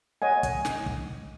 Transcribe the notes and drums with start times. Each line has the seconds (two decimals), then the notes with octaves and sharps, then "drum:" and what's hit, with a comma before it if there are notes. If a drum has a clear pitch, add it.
0.22 C#5 D#5 F#5 G#5
0.43 drum: kick, hi-hat
0.65 drum: snare
0.86 drum: kick